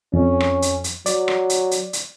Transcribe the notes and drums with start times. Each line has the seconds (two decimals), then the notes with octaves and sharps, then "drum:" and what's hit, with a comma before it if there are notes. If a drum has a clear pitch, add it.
0.14 F2 C#4
0.40 drum: rim click
0.62 drum: hi-hat
0.84 drum: hi-hat
1.06 F#3 D5, drum: hi-hat
1.28 drum: rim click
1.50 drum: hi-hat
1.71 drum: hi-hat
1.93 drum: hi-hat